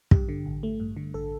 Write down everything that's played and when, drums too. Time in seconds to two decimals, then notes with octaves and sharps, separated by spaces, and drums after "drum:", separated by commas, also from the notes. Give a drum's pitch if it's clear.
0.11 G2 G4, drum: kick
0.29 D3
0.46 A1
0.63 A3
0.80 G2
0.96 D3
1.14 A1 A4